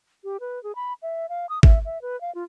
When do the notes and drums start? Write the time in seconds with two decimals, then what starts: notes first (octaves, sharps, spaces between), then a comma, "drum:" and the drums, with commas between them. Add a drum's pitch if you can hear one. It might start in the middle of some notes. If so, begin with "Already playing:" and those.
0.24 G4
0.40 B4
0.64 G#4
0.75 B5
1.02 E5
1.29 F5
1.49 D#6
1.63 E5, drum: kick G#1
1.85 E5
2.02 B4
2.21 F5
2.35 F4